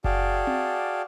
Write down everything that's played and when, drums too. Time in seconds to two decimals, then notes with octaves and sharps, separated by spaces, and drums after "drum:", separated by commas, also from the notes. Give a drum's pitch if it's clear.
0.04 F#4 G#4 D5 F5 G5 A5, drum: kick F#1
0.47 drum: tom C4